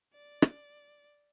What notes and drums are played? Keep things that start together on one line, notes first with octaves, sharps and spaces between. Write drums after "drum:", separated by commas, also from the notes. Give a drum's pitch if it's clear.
D5
drum: rim click